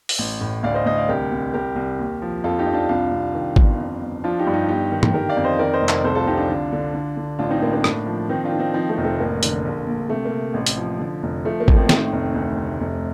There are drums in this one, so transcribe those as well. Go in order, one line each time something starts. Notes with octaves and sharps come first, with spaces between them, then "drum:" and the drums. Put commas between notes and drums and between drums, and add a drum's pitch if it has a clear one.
drum: open hi-hat
A1
A2
D2 D5 F5
C5 D#5
D2 C5 D#5
D5 F5
C2 G4 A#4
C2
C2 G4 A#4
C2
D#2
F3
F2 F4 A4
D#4 G4
F2
D4 F4
C2 D4 F4
C2
D#3
G1, drum: kick G#1
F2
G1
F3 D4 F4
D#4 G4
G2
D#4 G4
G1 D#4 G4
D#3
drum: tom
D3 G4 A#4
D5 F5
F2
C5 D#5
D#3 A#4 D5
C5 D#5
F1
A#4 D5, drum: clap
C2 A4 C5
F4 A4
C2 D#4 G4
D4 F4
D3
D3
D3
D3
A1 D4 F4
C4 D#4
A1 A#3
A#3 D4
A2, drum: rim click
F3
D#3 C4 D#4
D4 F4
D#3
C4 D#4
F3 C4 D#4
A3 C4
F1
A3 C4
A1 A#3
D3, drum: hi-hat
A#1
A#1
C3 A3
A#3
C3
A1
drum: hi-hat
F3
D3
F1
F3 A3
A#3
A1, drum: kick G#1
A3 C4
D#3 A3 C4, drum: snare
F1
D2
C3
F1